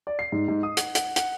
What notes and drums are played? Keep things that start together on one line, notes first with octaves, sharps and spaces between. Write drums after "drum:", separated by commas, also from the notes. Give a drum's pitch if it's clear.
D5
C7
G#2
G#2
D#6
F#5, drum: hi-hat
F#5, drum: hi-hat
F#5, drum: hi-hat